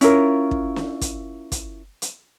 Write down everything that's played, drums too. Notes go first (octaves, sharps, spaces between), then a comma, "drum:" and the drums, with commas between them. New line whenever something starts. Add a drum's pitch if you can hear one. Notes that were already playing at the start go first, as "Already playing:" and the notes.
C#4 E4 F4 A#4, drum: hi-hat
drum: kick
drum: snare
drum: kick, hi-hat
drum: kick, hi-hat
drum: hi-hat